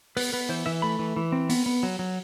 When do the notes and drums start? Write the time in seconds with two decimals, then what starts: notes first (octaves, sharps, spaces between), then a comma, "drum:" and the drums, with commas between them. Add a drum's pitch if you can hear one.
0.17 B3 B4, drum: open hi-hat
0.33 B3 B4
0.49 E3 C5
0.66 E3 E5
0.82 A3 B5
0.99 E3
1.16 E3
1.32 C4
1.49 B3, drum: open hi-hat
1.66 B3
1.83 F#3
1.99 F#3